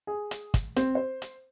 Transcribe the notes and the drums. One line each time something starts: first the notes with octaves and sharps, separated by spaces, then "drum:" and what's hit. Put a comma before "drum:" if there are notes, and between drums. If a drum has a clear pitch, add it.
G#4
drum: hi-hat
drum: kick, hi-hat
C4, drum: hi-hat
C5
drum: hi-hat